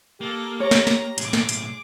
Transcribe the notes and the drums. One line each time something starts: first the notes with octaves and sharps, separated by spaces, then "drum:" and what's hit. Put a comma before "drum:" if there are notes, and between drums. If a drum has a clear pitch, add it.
A#3 G4 A4
C#5 A#5
drum: snare
drum: snare
B1 A2 G#4 D6, drum: hi-hat
drum: snare
drum: hi-hat